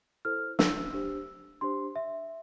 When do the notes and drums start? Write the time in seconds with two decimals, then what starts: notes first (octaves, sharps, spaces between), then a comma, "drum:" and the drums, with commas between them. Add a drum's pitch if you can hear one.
0.25 E4 A4 C5 F6
0.59 E6, drum: snare
0.93 D4 G4 C5
1.61 D4 G4 C5 C6
1.96 E5